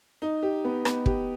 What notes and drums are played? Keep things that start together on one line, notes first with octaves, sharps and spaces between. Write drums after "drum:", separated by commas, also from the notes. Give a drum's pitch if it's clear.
D#4
G4
B3
B3, drum: rim click
G4, drum: kick